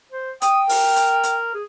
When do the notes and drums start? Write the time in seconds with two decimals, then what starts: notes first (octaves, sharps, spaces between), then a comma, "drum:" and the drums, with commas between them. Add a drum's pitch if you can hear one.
0.12 C5
0.42 G5 D#6, drum: hi-hat
0.69 A#4, drum: open hi-hat
0.96 drum: hi-hat
1.23 drum: hi-hat
1.54 G#4